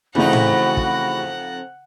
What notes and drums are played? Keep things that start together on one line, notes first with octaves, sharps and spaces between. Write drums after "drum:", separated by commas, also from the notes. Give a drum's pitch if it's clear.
F2 C#3 E3 A3 D#4 F#4 F#5 B5
drum: tom A2
drum: kick